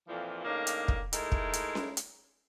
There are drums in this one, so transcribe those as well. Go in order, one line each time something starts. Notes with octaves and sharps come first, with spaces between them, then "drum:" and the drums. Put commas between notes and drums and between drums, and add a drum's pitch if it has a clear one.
F2 A#2 E3 F3
A2 C#3 A#3 D4 D#4
drum: hi-hat
drum: kick
G#3 A3 D#4 E4 A#4, drum: hi-hat
drum: kick
drum: hi-hat
drum: snare C#4
drum: hi-hat